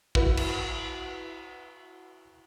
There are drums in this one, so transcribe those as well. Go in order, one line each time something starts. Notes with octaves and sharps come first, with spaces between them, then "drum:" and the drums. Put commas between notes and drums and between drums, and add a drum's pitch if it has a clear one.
E4 F#4 B4, drum: kick
drum: cymbal